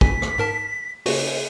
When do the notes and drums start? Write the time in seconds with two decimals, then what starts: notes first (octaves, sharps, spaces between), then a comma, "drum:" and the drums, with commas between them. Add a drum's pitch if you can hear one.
0.01 F2 G#5 B6, drum: kick
0.22 drum: rim click
0.38 G#2 A#4 A5
1.06 C#3 A#3 F#4 G#4, drum: open hi-hat